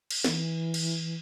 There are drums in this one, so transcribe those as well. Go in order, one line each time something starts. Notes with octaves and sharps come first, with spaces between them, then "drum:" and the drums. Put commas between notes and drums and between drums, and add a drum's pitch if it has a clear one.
drum: cymbal
E3, drum: snare
drum: cymbal